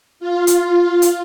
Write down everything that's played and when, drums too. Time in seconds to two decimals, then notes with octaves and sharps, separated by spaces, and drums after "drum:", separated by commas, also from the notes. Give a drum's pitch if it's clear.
0.20 F4
0.47 drum: hi-hat
1.02 drum: hi-hat